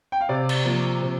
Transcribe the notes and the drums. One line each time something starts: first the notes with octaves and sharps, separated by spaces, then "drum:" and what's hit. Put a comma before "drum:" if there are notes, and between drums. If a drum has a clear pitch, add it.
G5
F5
C3 D5
drum: cymbal
F3 A#3
C3